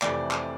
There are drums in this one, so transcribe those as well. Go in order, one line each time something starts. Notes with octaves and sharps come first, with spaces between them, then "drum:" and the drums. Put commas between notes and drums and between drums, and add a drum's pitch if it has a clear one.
F2 C3 E3 A3 D5, drum: clap
drum: clap